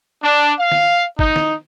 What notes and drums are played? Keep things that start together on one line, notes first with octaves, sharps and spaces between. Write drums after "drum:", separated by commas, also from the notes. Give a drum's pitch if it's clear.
D4
F5
drum: snare
D#4, drum: kick
drum: snare